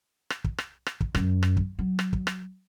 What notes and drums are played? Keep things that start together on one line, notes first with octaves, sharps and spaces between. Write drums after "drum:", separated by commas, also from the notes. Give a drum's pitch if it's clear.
drum: rim click
drum: kick
drum: rim click
drum: rim click
drum: kick
F#2, drum: rim click
drum: rim click
drum: kick
F#3
drum: rim click
drum: kick
drum: rim click